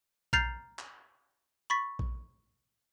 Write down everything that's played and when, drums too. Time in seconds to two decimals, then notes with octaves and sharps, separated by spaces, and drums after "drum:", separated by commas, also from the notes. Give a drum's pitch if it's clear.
0.33 A#5 F6 G6 A6 C7 F7, drum: kick A#1
0.79 drum: clap
1.70 B5 C#6 A6 B6
1.99 drum: kick A#1